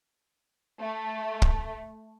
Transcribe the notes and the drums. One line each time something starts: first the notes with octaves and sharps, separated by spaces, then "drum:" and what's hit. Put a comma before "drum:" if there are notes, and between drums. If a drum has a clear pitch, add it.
A3
drum: kick